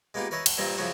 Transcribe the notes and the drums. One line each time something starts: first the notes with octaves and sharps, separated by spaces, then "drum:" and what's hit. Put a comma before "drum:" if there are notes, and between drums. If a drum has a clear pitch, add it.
G#3 A#3 B3 D#4 F4 G4
A#4 B4 C#5 D#5 E5
F#5 A5 C6, drum: cymbal
G2 A#2 C4 D#4 F4
F#2 C#3 F3 F4 F#4 F#5